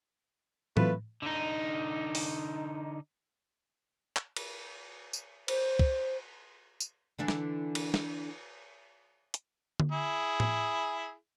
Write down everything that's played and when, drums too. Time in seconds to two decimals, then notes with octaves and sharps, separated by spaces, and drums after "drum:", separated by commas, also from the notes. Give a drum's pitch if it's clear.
0.77 E3 F#3 A3 C4 F4 B4, drum: tom A2
1.22 D3 D#4
2.15 drum: open hi-hat
4.16 drum: clap
4.36 drum: cymbal
5.13 drum: tambourine
5.48 C5, drum: cymbal
5.79 drum: kick
6.80 drum: tambourine
7.19 D3 E3 D4
7.28 drum: snare
7.75 drum: cymbal
7.94 drum: snare
9.34 drum: hi-hat
9.80 drum: tom D3
9.92 E4 G#4
10.40 drum: tom A2